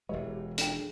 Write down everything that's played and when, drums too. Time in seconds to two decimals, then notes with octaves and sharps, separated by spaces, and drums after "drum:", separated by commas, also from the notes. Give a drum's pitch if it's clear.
0.09 E1 E3 G#3 G4 C#5 E5
0.58 D4 A4 G5, drum: hi-hat
0.72 G#4